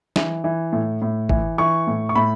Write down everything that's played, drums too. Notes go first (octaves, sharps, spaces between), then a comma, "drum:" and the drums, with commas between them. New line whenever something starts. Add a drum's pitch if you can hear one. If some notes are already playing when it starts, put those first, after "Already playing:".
E3, drum: snare
E3
A2
A2
E3, drum: kick
E3 C#6
A2
C#6
A2 B5